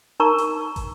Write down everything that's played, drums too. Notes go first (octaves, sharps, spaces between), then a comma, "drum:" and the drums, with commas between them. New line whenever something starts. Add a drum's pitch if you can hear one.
D#4 A#4 A#5 C#6
drum: hi-hat
drum: kick, hi-hat